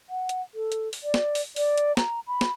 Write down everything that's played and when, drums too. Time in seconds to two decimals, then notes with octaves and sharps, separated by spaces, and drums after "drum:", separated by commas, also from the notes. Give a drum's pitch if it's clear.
0.10 F#5
0.29 drum: hi-hat
0.54 A4
0.72 drum: hi-hat
0.93 drum: open hi-hat
1.04 D5
1.14 drum: snare
1.35 drum: open hi-hat
1.56 D5, drum: open hi-hat
1.78 drum: hi-hat
1.97 A#5, drum: snare
2.27 B5
2.41 drum: snare